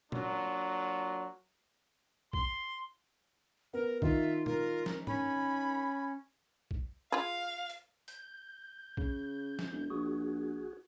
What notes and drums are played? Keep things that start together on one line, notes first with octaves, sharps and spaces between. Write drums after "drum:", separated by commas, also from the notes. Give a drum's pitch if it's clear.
F#3 A#3 D4 F4, drum: tom A#2
C6, drum: kick B1
B3 A#4
D#3 F4 E5, drum: kick B1
F4 A#4, drum: tom A#2
drum: snare
C#4 B5, drum: tom G2
drum: kick B1
F4 G#4 F5
drum: hi-hat
G6, drum: hi-hat
C#3, drum: kick B1
drum: snare
E1
A#1 F#4 G#4